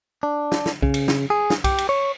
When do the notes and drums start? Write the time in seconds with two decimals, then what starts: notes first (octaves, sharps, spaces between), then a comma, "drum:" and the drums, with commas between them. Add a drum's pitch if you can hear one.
0.23 D4
0.52 drum: snare
0.66 drum: snare
0.83 C#3, drum: kick B1
0.94 drum: cymbal
1.08 drum: snare
1.30 G#4
1.50 drum: snare
1.64 G4, drum: kick B1, cymbal
1.78 drum: cymbal
1.89 C#5